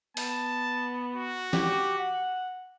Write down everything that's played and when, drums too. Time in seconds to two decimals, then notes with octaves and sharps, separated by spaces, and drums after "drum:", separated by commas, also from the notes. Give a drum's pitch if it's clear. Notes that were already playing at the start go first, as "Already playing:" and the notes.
0.17 B3 A5, drum: open hi-hat
1.15 F#4
1.53 G4, drum: snare
1.99 F#5